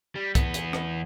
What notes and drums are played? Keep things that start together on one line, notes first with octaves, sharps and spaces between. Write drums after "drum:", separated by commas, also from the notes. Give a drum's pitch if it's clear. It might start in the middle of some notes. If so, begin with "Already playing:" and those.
G3
E2 B3, drum: kick C2, hi-hat
drum: hi-hat
drum: rim click